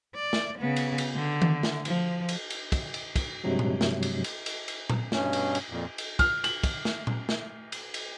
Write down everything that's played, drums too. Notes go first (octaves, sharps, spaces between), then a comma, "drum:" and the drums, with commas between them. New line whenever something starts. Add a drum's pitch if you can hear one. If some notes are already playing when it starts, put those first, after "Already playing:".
D5
drum: snare
C#3 B3
drum: cymbal
drum: cymbal
D3
drum: tom D#3
drum: snare
F3, drum: cymbal
drum: cymbal
drum: cymbal
drum: kick, cymbal
drum: cymbal
drum: kick, cymbal
G2 C3 F3 F#3 G#3
drum: tom A#2
drum: snare
drum: cymbal
drum: cymbal
drum: cymbal
drum: cymbal
drum: tom A#2
G2 B2 C#4, drum: snare
drum: cymbal
drum: cymbal
F2 A#2
drum: cymbal
F6, drum: kick, cymbal
F#7, drum: cymbal
drum: kick, cymbal
drum: snare
drum: tom A#2
drum: snare
drum: cymbal
drum: cymbal